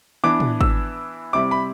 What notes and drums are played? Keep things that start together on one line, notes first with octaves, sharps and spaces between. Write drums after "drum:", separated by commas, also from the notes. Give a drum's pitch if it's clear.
E3 B3 D4 D6
drum: tom
E6, drum: kick G#1
C3 G3 C4 E4 D6
B5